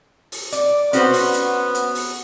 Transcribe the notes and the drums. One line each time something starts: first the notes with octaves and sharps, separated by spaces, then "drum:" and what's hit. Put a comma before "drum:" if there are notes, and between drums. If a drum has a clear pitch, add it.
drum: open hi-hat
D5, drum: hi-hat
B3 C#4 F#4 C5, drum: hi-hat
drum: open hi-hat
drum: hi-hat
drum: hi-hat
drum: open hi-hat